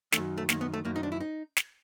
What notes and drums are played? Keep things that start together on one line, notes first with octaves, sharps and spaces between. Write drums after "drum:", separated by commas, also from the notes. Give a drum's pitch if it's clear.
D#3 A3, drum: snare
F#2
A3
F#2 D#3 A#3, drum: snare
B3
A3
F#2 D#3 A#3
D#4
D4
E4
D#4
drum: snare